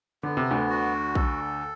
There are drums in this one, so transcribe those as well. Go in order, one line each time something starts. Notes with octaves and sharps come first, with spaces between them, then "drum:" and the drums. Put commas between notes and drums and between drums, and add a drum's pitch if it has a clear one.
D3 B3
C3
D2 D3
F#4
A4, drum: kick A#1